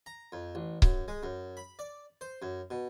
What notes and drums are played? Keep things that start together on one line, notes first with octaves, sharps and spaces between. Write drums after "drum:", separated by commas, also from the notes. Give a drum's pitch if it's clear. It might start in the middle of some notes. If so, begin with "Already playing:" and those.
A#5
F2
A1
F#2, drum: kick C#1
G#3
F#2
B5
D5
C5
F#2
B2